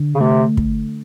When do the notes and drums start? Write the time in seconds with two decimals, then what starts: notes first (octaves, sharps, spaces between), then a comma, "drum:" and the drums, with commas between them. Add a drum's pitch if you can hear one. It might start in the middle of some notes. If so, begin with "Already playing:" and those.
Already playing: D3
0.14 C#3
0.20 C3 A3
0.57 drum: kick